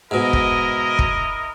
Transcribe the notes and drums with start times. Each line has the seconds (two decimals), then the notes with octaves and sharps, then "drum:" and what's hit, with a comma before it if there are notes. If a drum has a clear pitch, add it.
0.11 G#2 B2 E4 A#4 D#5
0.33 drum: kick
0.99 drum: kick